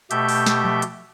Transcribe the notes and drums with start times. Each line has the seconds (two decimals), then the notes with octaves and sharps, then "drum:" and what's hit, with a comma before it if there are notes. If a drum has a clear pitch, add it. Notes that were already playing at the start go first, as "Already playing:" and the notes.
0.11 B2 A3 G4 E5 G6, drum: hi-hat
0.29 drum: open hi-hat
0.46 drum: snare
0.64 drum: tom F3
0.82 drum: hi-hat